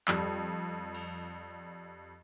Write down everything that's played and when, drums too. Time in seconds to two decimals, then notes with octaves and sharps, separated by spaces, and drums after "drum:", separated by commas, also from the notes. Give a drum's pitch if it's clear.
0.08 F2 G3, drum: clap
0.95 drum: cymbal